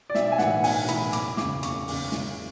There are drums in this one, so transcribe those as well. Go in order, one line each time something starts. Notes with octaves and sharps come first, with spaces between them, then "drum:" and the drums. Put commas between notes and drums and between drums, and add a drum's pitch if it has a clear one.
D5
B1 E5, drum: snare
G#5
A2 E3 F#5, drum: snare
B1 G#5, drum: open hi-hat
A2 E3 B5, drum: hi-hat
F#1 D6, drum: hi-hat
E2 C#3 D6, drum: snare
F#1 C#6, drum: hi-hat
E2 C#3, drum: open hi-hat
G#1, drum: snare